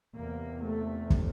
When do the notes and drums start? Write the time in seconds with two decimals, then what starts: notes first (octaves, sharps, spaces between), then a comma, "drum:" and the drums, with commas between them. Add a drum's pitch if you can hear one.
0.17 E2 C3 A#3
0.63 A3
1.10 drum: kick